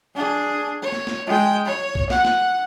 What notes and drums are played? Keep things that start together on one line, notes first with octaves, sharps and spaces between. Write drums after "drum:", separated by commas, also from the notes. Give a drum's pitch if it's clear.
D4 G#4
C#5
drum: snare
drum: snare
G#3 G5
C#5
drum: kick B1
F#5, drum: snare
drum: snare